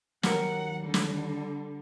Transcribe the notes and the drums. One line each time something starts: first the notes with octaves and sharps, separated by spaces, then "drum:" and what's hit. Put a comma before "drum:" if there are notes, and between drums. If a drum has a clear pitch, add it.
D#2 F#3 A#4 F#5, drum: snare
D3 G3
drum: snare